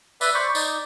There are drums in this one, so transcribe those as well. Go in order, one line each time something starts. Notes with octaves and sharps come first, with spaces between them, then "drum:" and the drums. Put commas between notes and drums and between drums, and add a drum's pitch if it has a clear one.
B4 D5 E5 B5, drum: tambourine
C5 D5 B5 C#6
D#4 D5, drum: tambourine